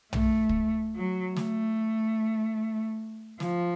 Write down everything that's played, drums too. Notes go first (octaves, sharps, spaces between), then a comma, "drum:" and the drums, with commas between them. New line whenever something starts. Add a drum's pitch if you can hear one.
A3, drum: tom
drum: kick
F#3
A3, drum: snare
F3, drum: snare